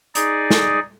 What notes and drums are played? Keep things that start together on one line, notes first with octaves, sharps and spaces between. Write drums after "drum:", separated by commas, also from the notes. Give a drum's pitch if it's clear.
D#4 G#4 D5, drum: hi-hat
drum: snare